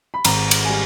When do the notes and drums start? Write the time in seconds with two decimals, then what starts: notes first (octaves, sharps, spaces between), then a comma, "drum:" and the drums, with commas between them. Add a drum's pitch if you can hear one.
0.14 B5
0.25 G#1 A#5, drum: cymbal
0.51 drum: cymbal
0.65 G3 G#5